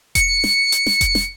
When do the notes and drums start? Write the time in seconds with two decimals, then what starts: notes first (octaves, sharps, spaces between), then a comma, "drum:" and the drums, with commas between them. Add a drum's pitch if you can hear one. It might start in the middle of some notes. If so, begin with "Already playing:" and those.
0.15 C#7, drum: kick F1, hi-hat
0.44 drum: snare
0.72 drum: hi-hat
0.86 drum: snare
1.01 drum: kick F1, hi-hat
1.15 drum: snare